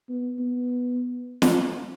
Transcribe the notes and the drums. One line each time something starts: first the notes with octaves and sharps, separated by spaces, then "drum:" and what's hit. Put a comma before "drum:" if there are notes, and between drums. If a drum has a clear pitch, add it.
B3
B3
drum: snare